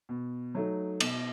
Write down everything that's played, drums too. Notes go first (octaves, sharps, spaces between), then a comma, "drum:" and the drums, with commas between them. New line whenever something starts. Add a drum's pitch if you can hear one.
B2
F#3 A3 D#4
B2, drum: cymbal